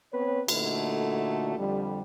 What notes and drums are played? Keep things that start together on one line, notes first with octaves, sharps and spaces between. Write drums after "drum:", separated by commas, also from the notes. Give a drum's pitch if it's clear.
B3 C4 B4 C#5
A#2 D3 A3 D#4 F#4, drum: cymbal
F2 D3 G3